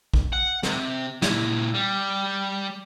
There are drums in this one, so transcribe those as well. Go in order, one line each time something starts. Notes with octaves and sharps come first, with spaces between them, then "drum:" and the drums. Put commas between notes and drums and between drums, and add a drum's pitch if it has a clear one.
drum: kick A1
F#5
C3, drum: snare
A#2 E4, drum: snare
G3